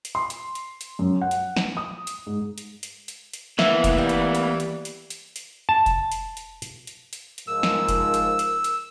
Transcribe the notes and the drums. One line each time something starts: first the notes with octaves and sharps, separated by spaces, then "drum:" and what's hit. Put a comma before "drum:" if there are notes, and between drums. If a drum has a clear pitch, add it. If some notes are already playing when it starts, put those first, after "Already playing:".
drum: hi-hat
C6
drum: hi-hat
drum: hi-hat
drum: hi-hat
F#2
F#5
drum: hi-hat
drum: snare
D#6
drum: hi-hat
G#2
drum: hi-hat
drum: hi-hat
drum: hi-hat
drum: hi-hat
E3 A#3 B3 E5, drum: snare
drum: kick F1, hi-hat
G3
drum: hi-hat
drum: hi-hat
drum: hi-hat
drum: hi-hat
drum: hi-hat
drum: hi-hat
A5
drum: kick F1, hi-hat
drum: hi-hat
drum: hi-hat
drum: hi-hat
drum: hi-hat
drum: hi-hat
drum: hi-hat
G#2 F3 A#4 E6
drum: snare
drum: kick F1, hi-hat
drum: hi-hat
drum: hi-hat
drum: hi-hat